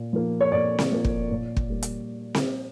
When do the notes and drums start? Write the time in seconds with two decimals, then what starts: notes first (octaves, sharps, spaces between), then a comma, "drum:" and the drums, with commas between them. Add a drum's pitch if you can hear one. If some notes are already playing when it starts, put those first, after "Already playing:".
Already playing: A#2
0.13 F3 A#3
0.41 C#5
0.52 A#2 D5
0.79 drum: snare C4
0.92 F3 A#3
1.05 drum: kick
1.31 A#2
1.57 drum: kick
1.70 G3 A#3
1.83 drum: hi-hat
2.35 drum: snare C4